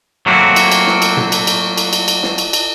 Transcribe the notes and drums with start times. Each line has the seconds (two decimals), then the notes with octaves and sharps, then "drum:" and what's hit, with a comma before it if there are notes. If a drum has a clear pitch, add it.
0.26 F#3 A3 A#3 C4 F#4
0.56 drum: cymbal
0.72 drum: cymbal
0.87 drum: snare
1.02 drum: cymbal
1.17 drum: tom
1.32 drum: cymbal
1.47 drum: cymbal
1.78 drum: cymbal
1.93 drum: cymbal
2.08 drum: cymbal
2.23 drum: snare
2.38 drum: cymbal
2.53 drum: cymbal